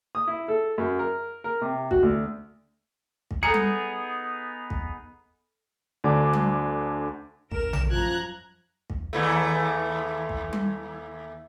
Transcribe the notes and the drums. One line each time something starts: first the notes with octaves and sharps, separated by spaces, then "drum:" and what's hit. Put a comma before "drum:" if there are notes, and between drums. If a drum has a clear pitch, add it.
D#6
E4
A4
F#2
A#4
A#4
C3
F#4, drum: kick
D2
drum: kick
B3 D#4 G#4 A4 A5 A#5 C#7
drum: tom G3
drum: kick
D2 D3 D4 D6
drum: tom G3
A1 A#4 E7, drum: kick
drum: tom A#1
F#2 F3 A#5 F#6 G#6
drum: kick
D#2 E3 A3
drum: kick
drum: tom G3